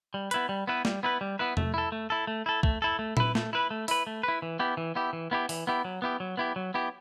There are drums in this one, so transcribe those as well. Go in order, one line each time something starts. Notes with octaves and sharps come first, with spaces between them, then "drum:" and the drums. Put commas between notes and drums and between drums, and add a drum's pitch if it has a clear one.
G3
B3 E4 B4, drum: hi-hat
G3
B3 E4 B4
G3, drum: snare
B3 E4 B4
G3
B3 E4 B4
A3, drum: tom E2
E4 A4
A3
E4 A4
A3
E4 A4
A3, drum: kick B1
E4 A4
A3
E4 B4, drum: tom A#2
A3, drum: snare
E4 B4
A3
E4 B4, drum: open hi-hat
A3
E4 B4
E3
B3 E4 G4
E3
B3 E4 G4
E3
B3 E4 G4
E3, drum: open hi-hat
B3 E4 G4
F#3
B3 E4 G4
F#3
B3 E4 G4
F#3
B3 E4 G4